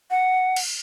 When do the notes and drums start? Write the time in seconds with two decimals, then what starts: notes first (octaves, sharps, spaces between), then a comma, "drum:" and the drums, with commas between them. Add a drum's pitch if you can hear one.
0.11 F#5
0.56 drum: cymbal